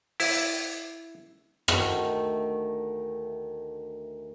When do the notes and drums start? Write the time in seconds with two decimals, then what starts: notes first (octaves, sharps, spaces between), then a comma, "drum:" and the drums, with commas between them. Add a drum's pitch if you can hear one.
0.20 E4, drum: open hi-hat
1.68 D2 D#3 A3, drum: rim click